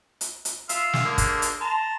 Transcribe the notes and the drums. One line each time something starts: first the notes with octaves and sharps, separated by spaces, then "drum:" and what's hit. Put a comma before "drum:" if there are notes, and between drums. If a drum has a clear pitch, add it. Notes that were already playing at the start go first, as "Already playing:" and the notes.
drum: hi-hat
drum: hi-hat
F4 E5 F5, drum: hi-hat
drum: snare
D3 A#3 G#4
drum: kick, hi-hat
drum: hi-hat
A5 A#5 C6